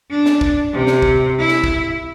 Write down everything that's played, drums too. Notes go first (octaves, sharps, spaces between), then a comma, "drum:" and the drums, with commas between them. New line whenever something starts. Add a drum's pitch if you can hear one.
D4
drum: snare
drum: kick
C3
drum: snare
drum: kick
E4
drum: snare
drum: kick